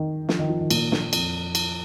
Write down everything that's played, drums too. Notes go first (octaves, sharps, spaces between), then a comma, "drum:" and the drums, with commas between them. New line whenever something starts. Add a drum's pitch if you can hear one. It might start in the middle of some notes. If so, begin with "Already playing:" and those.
Already playing: D#3
F3, drum: snare
D#3
F3
D#3
A#2, drum: cymbal
A#2, drum: snare
F2, drum: cymbal
drum: cymbal